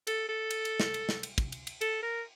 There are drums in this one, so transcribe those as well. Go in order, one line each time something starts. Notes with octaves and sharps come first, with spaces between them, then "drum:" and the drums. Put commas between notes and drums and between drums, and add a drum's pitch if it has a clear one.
A4, drum: cymbal
A4
drum: cymbal
drum: cymbal
drum: snare
drum: cymbal
drum: snare
drum: cymbal
drum: kick, cymbal
drum: cymbal
drum: cymbal
A4, drum: cymbal
A#4